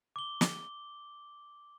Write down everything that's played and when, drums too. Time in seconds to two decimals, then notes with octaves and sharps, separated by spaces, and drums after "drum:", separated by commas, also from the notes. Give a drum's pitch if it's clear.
0.16 D6 G7
0.41 drum: snare